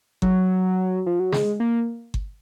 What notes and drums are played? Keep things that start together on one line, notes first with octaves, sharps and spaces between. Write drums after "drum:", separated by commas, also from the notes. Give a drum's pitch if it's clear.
F#3, drum: kick G1
F3
F#3
G#3, drum: snare
A#3
drum: kick G1